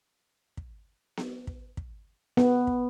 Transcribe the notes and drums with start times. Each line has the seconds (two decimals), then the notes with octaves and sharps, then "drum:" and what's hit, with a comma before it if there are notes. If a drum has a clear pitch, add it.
0.57 drum: kick
1.17 drum: snare B3
1.47 drum: kick
1.77 drum: kick
2.37 B3, drum: snare B3
2.67 drum: kick